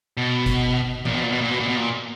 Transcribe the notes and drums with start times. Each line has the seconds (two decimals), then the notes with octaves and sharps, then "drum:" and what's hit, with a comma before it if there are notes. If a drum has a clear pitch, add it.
0.17 B2
0.46 drum: kick F#1, hi-hat
1.05 A#2, drum: tom E3
1.14 B2
1.23 A#2
1.32 B2
1.41 A#2
1.51 B2
1.60 A#2
1.68 B2
1.77 A#2